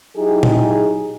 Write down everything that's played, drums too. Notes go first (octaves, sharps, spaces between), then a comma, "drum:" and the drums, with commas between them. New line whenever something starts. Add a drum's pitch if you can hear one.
F#3 D#4 E4 G4 G#4
drum: tom A#2